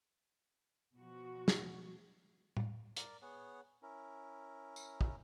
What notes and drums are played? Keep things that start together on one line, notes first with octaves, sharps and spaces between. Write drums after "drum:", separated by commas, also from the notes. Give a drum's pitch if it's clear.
B2 F3 F#4
drum: snare
drum: tom A2
A#4 D5, drum: hi-hat
B3 G#4 C#5 F#5
C#4 E4 A#4
drum: tambourine
drum: kick